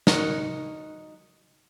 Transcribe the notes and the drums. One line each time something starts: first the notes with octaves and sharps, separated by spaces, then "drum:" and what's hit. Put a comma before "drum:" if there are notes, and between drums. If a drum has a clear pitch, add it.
D#4 F#4 A#4, drum: snare